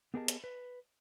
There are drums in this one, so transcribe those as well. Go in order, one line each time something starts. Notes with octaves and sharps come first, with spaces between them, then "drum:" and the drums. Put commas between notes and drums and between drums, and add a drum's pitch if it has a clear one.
B3 G4 G#4 A#4 D#5 A5
drum: hi-hat
B4